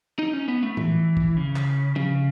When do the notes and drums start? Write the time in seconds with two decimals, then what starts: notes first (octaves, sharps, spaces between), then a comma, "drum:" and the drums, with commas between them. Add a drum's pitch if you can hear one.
0.19 D#4
0.33 C#4
0.48 B3
0.63 A3
0.77 E3, drum: tom A2
1.17 drum: kick
1.37 C#3
1.56 drum: clap
1.96 C#3, drum: tom F3